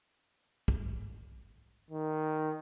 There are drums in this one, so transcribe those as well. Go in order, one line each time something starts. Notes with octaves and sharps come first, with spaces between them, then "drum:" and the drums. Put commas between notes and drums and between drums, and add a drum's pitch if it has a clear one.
drum: kick
D#3